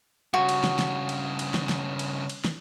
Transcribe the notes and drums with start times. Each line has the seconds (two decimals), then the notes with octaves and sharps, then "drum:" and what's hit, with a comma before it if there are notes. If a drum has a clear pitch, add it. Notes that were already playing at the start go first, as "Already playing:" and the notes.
0.34 G2 C#3 F#4
0.49 drum: cymbal
0.64 drum: snare
0.79 drum: snare
1.09 drum: cymbal
1.39 drum: cymbal
1.54 drum: snare
1.69 drum: snare
1.99 drum: cymbal
2.29 drum: cymbal
2.45 drum: snare